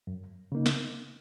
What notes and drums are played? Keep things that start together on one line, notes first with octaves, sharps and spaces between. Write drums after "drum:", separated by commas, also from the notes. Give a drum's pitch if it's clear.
F#2
C#3 A#3 D#4
drum: snare